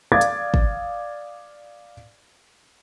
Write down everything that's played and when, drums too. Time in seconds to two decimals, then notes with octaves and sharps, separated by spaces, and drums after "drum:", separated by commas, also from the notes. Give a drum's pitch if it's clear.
0.12 D5 F5 D6 D#6 G#6 A6
0.21 drum: hi-hat
0.54 drum: kick